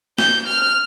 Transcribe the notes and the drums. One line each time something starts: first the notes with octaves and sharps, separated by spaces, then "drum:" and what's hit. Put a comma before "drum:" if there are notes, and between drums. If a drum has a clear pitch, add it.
G6, drum: snare
F6